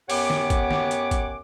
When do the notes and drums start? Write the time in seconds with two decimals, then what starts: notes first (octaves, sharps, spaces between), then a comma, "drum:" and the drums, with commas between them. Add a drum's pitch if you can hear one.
0.10 F#2 B3 G4 C#5 F#5 D6, drum: open hi-hat
0.30 drum: snare
0.50 drum: kick, hi-hat
0.71 drum: snare
0.91 drum: hi-hat
1.11 drum: kick, hi-hat